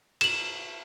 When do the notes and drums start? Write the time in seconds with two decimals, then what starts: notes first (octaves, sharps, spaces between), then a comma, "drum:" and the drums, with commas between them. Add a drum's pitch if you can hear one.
0.21 E7 F#7, drum: cymbal